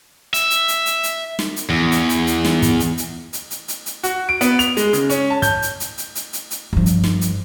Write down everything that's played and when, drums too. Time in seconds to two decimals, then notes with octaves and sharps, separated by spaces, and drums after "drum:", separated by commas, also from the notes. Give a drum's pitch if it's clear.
0.34 E5, drum: hi-hat
0.50 drum: hi-hat
0.68 drum: hi-hat
0.86 drum: hi-hat
1.03 drum: hi-hat
1.39 drum: snare
1.56 drum: hi-hat
1.70 E2
1.92 drum: hi-hat
2.09 drum: hi-hat
2.27 drum: hi-hat
2.45 drum: snare
2.62 drum: kick, hi-hat
2.80 drum: hi-hat
2.98 drum: hi-hat
3.33 drum: hi-hat
3.50 drum: hi-hat
3.68 drum: hi-hat
3.86 drum: hi-hat
4.03 F#4, drum: hi-hat
4.29 D7
4.41 B3, drum: hi-hat
4.59 F7, drum: hi-hat
4.77 G#3, drum: hi-hat
4.93 C#3, drum: hi-hat
5.10 C#4, drum: hi-hat
5.30 A5
5.42 G6, drum: kick, hi-hat
5.62 drum: hi-hat
5.80 drum: hi-hat
5.98 drum: hi-hat
6.15 drum: hi-hat
6.33 drum: hi-hat
6.51 drum: hi-hat
6.73 G2 F3
6.86 drum: hi-hat
7.04 drum: snare
7.21 drum: hi-hat